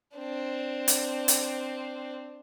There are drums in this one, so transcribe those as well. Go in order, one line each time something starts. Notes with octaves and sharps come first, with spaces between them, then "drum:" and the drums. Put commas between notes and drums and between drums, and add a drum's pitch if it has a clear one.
C4 D4
drum: hi-hat
drum: hi-hat